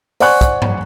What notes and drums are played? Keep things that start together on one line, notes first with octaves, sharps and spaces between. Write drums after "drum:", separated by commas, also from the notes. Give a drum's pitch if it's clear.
C5 D5 F#5 G#5 C#6 F#6, drum: open hi-hat
drum: kick, hi-hat
drum: tom G2